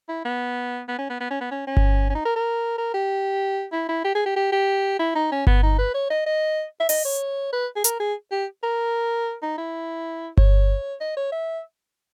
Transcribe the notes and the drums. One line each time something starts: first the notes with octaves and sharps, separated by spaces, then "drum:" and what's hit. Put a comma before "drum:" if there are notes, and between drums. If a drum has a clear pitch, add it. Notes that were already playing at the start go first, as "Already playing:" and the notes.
E4
B3
B3
C#4
B3
B3
C#4
B3
C#4
C#4
drum: kick G1
C#4
D#4
A#4
A#4
A#4
G4
E4
E4
G4
G#4
G4
G4
G4
E4
D#4
C#4
B3, drum: kick G1
D#4
B4
C#5
D#5
D#5
E5
D#5, drum: open hi-hat
C#5
B4
G#4
A#4, drum: hi-hat
G#4
G4
A#4
D#4
E4
C#5, drum: kick G1
D#5
C#5
E5